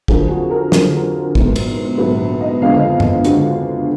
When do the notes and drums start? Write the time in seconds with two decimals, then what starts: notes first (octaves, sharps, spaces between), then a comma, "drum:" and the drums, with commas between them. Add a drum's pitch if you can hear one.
0.08 F2 D3 F#3 A#3 G#4, drum: kick
0.30 F#4
0.51 A#4
0.72 F2 D3 F#3 A#3, drum: snare
1.35 A#1 G#2 F#3 B3, drum: kick
1.56 drum: cymbal
1.98 A#1 G#2 F#3 B3 B4
2.41 D#5
2.61 F#1 F2 D3 G#3 B3 F5
2.76 D#5
3.00 drum: tom F#2
3.25 D3 G#3 B3 F#4, drum: hi-hat